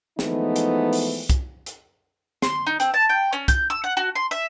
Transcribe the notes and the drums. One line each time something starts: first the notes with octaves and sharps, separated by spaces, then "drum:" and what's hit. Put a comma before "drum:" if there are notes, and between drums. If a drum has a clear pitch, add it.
E3 F3 G#3 A3 B3 D#4, drum: snare
drum: hi-hat
drum: open hi-hat
drum: kick, hi-hat
drum: hi-hat
C6, drum: snare
D#4
C4, drum: hi-hat
A5
G5
C#4
G6, drum: kick, hi-hat
E6
F#5
F#4
C6
E5